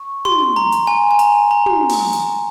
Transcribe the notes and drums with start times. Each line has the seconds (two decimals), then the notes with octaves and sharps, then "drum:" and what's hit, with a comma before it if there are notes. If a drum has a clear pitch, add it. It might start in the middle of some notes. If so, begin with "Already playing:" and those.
Already playing: C#6
0.25 C6, drum: tom
0.56 A#5
0.72 drum: hi-hat
0.87 G#5
1.11 G#5
1.19 A#5, drum: hi-hat
1.51 A#5
1.66 drum: tom
1.89 drum: open hi-hat
2.13 drum: hi-hat